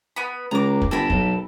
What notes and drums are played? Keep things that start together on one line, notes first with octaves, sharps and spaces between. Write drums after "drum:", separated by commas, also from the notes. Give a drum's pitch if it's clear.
B3 B5
C#2 A#5 D6
drum: kick
G1 A4 A#4 B5
B1, drum: kick